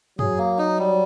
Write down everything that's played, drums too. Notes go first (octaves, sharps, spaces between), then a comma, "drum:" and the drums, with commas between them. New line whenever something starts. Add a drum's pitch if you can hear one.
F#3 G#4, drum: tom
A#3
D#4
G3